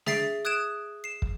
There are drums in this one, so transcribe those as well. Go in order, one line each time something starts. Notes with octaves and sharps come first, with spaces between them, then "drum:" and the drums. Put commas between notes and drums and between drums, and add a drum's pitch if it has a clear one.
G#4 E5 A6 C7 D7, drum: snare
D#6 F#6 G#6 D7 E7
C7 E7
drum: kick